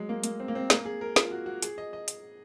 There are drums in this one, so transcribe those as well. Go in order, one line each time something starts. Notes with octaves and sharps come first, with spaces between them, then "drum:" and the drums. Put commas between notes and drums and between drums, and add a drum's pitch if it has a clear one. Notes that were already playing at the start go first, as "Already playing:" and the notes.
Already playing: F#3 G#3
A#3
A#3, drum: hi-hat
C4
A#3
C4
A#3, drum: snare
G#4
A#4
F4, drum: snare
F#4
F#4
G#4, drum: hi-hat
D#5
D#5
drum: hi-hat